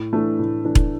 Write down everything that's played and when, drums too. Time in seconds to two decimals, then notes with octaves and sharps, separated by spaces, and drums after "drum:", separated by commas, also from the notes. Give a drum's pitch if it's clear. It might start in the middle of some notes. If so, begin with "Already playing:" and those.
Already playing: A2
0.13 E3 A3 D4
0.39 A2
0.65 E3 A3 D4
0.75 drum: kick E1